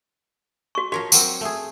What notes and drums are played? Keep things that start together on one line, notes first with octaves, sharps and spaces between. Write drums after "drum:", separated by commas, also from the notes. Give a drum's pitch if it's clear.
F#4 C#6
F3 F#4 A#4 C#5
F#3 A#3 C4, drum: tambourine
A3 G#4